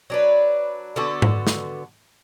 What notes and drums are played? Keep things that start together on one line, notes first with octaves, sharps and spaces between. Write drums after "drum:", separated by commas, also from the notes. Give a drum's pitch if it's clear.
F#3 D4 B4
D3 B3 F#4 A4
drum: tom G#2
drum: snare